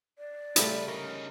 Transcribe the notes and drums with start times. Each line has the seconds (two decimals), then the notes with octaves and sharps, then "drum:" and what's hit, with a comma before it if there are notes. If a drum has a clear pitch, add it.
0.19 D5
0.56 C#3 G3 A3 C4 B4, drum: hi-hat
0.88 C#4 D#4 A#4